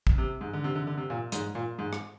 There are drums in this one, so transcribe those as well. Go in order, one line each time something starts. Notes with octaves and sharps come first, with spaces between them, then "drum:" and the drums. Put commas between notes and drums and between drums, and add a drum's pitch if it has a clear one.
drum: kick
C3
G#2
D3
C3
D3
D3
C3
A#2
G#2, drum: hi-hat
A#2
G#2
drum: rim click